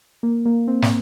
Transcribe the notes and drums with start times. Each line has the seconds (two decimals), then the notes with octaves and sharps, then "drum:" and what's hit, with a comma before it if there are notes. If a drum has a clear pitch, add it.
0.23 A#3
0.46 A#3
0.68 C4
0.82 drum: snare